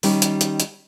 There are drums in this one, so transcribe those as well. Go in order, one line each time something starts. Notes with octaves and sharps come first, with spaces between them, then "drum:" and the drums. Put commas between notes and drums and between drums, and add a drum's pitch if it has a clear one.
D#3 G3 C#4 D#4 G4, drum: open hi-hat
drum: hi-hat
drum: hi-hat
drum: hi-hat